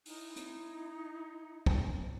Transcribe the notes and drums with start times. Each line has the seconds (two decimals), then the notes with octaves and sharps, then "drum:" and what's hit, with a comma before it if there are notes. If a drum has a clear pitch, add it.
0.06 D#4 E4, drum: open hi-hat
0.36 drum: hi-hat
1.66 drum: kick